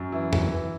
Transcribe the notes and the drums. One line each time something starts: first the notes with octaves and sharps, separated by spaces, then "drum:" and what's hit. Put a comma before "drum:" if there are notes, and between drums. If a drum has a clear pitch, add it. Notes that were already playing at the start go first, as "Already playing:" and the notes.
Already playing: F#2
E3 E4
E3, drum: tom
E3